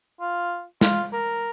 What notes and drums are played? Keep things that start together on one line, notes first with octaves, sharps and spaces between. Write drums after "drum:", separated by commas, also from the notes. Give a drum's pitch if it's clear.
F4
F4, drum: snare
A#4